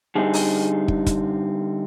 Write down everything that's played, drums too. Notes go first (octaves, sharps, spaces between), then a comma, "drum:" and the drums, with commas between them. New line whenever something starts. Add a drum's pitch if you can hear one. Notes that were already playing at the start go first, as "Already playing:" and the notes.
D3 G3 C4 D#4 G#4
drum: open hi-hat
drum: kick
drum: kick, hi-hat